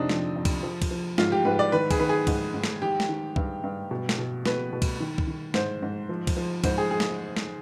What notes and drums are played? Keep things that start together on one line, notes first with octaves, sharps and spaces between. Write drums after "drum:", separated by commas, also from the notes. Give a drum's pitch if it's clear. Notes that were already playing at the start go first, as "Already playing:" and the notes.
Already playing: F2 C3 C4 D4 D#4
F3, drum: snare
F2
drum: kick C2, cymbal
F3
drum: kick C2, cymbal
F3
G#2 F4, drum: snare
G4
G#2 B4
D5
D#3 B4
G#4, drum: kick C2, cymbal
D#3 B4
G#4
G#2, drum: kick C2, cymbal
G#2
drum: snare
D#3 G4
drum: snare
D#3
G2, drum: kick C2
G2
B2
drum: snare
B2
B2 B4, drum: snare
B2
drum: kick C2, cymbal
D#3
drum: kick C2
D#3
G#2 C5, drum: snare
G#2
F3
drum: kick C2, cymbal
F3
G#2 C5, drum: kick C2, cymbal
G#4
G#4
drum: snare
drum: snare